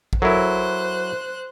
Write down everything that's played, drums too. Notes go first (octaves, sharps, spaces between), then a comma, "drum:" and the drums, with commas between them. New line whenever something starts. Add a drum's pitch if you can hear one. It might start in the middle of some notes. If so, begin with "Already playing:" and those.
drum: kick A1
F#3 E4 A4 A#4 C5 E5 F#6